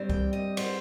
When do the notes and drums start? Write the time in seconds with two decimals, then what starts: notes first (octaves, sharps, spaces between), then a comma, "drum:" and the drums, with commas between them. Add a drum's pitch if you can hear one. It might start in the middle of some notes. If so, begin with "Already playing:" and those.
Already playing: G2 G3 C4
0.09 G5, drum: kick C2
0.33 D#5
0.57 C5, drum: cymbal